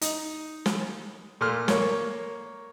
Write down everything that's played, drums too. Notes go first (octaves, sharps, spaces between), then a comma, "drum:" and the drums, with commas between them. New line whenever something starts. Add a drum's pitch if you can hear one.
D#4, drum: hi-hat
drum: snare
A#2 A3 C6 F6
A#3 C#5, drum: snare